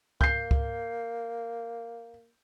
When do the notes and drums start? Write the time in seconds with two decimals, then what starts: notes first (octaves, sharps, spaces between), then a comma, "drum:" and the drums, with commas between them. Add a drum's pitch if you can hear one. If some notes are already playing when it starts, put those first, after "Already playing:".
0.21 A#3 G6 C7, drum: kick C#2
0.51 drum: kick C#2